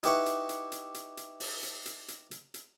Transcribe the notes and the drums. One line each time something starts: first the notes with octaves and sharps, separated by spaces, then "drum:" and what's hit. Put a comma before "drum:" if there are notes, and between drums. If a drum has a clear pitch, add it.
D#4 E4 G4 B4 F#5 C#6, drum: hi-hat
drum: hi-hat
drum: hi-hat
drum: hi-hat
drum: hi-hat
drum: hi-hat
drum: open hi-hat
drum: hi-hat
drum: hi-hat
drum: hi-hat
drum: hi-hat
drum: hi-hat